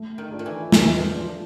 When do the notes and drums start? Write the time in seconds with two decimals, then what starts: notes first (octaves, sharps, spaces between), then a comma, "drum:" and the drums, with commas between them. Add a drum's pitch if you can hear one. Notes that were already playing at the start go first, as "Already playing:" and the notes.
Already playing: A3
0.18 D#3
0.32 D4 F4 A4 D5
0.39 D#3
0.46 E3
0.72 E3 A3, drum: snare
1.00 F3
1.14 D4 F4 A4 D5